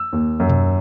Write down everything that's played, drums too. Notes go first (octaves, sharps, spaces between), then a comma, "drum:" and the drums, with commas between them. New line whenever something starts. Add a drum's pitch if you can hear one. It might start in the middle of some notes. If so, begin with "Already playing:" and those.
Already playing: E6
D#2
F#2
drum: tom B2